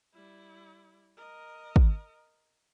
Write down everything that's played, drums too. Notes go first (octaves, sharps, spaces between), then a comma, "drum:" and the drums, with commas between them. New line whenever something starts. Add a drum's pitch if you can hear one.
G3 E4
A#4 D#5
drum: kick